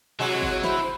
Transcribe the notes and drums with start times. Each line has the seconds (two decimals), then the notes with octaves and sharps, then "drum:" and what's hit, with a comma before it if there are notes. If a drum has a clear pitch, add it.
0.19 C3 E3 F#3 G#3 F#4 C#5
0.42 drum: kick
0.64 E4 C5, drum: snare